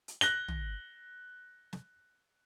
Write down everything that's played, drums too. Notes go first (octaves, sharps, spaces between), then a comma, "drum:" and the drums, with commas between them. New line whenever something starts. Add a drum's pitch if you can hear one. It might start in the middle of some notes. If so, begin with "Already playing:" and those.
drum: hi-hat
F#6 A#6 G7, drum: hi-hat
drum: tom
drum: snare